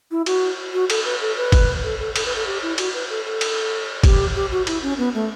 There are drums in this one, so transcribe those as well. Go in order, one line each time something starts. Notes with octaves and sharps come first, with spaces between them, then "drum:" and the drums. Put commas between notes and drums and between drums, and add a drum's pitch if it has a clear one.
E4
F#4, drum: cymbal
F#4
A4, drum: cymbal
B4
A4
B4
drum: kick, cymbal
A4
A4
A4, drum: cymbal
B4
A4
G4
E4
F#4, drum: cymbal
B4
A4
A4
drum: cymbal
G4, drum: kick, cymbal
G4
F#4
E4, drum: cymbal
C#4
B3
A3